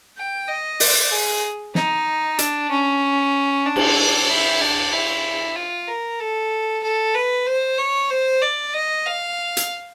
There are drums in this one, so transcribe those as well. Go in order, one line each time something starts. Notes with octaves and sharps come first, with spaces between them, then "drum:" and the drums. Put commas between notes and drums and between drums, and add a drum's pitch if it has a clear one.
G5
D#5
D5, drum: open hi-hat
G#4
D#4, drum: snare
D4, drum: hi-hat
C#4
D4
drum: cymbal
D4
E4
D4
E4
F4
A#4
A4
A4
B4
C5
C#5
C5
D5
D#5
F5
drum: hi-hat